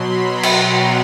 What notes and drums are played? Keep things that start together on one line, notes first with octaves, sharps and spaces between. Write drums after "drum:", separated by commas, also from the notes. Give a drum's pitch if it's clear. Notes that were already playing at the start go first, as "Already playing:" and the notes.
Already playing: B2 F#3 B5 C6
A#5
drum: cymbal